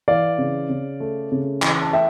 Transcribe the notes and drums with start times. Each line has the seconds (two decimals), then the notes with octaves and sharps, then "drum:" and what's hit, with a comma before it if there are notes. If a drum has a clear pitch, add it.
0.08 E3 D5 F5
0.38 C#3
0.70 C#3
1.00 A3
1.32 C#3
1.62 E3, drum: clap
1.82 A5
1.93 A3 E5 G5